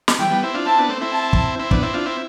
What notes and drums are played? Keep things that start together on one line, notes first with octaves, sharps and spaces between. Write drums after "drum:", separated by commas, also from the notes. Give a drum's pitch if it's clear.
drum: snare
E3 G3 G5
G3 B3
C4 E4
D4 F4
C4 E4 A5
B3 D4
A3 C4
C4 E4
A5
drum: kick
C4 E4
B3 D4, drum: kick
C4 E4
D4 F4
C4 E4